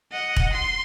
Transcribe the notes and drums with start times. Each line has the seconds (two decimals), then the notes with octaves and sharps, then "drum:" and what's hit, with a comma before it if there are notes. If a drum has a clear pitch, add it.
0.12 D#5 F#5
0.36 drum: kick
0.52 C6